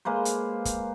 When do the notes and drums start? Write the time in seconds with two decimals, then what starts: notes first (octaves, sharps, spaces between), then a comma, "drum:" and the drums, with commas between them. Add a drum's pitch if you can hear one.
0.05 G#3 A#3 B4 C5
0.25 drum: hi-hat
0.65 drum: kick, hi-hat